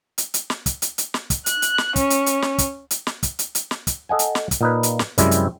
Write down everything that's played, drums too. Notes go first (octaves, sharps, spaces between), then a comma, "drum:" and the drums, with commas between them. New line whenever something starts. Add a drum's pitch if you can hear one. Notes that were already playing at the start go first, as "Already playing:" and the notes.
drum: hi-hat
drum: hi-hat
drum: snare
drum: kick, hi-hat
drum: hi-hat
drum: hi-hat
drum: snare
drum: kick, hi-hat
F#6, drum: hi-hat
drum: hi-hat
drum: snare
C#4, drum: kick, hi-hat
drum: hi-hat
drum: hi-hat
drum: snare
drum: kick, hi-hat
drum: hi-hat
drum: snare
drum: kick, hi-hat
drum: hi-hat
drum: hi-hat
drum: snare
drum: kick, hi-hat
A4 D#5 F#5 G#5
drum: hi-hat
drum: snare
drum: kick, hi-hat
A#2 D#4 B4
drum: hi-hat
drum: snare
F#2 C3 G3 G#3 C4 E4, drum: kick, hi-hat
drum: hi-hat